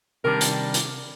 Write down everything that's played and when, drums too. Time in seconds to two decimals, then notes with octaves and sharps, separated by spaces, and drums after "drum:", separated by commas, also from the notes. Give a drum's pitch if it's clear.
0.24 C3 D#3 G3 D4 A#4
0.41 drum: hi-hat
0.74 drum: hi-hat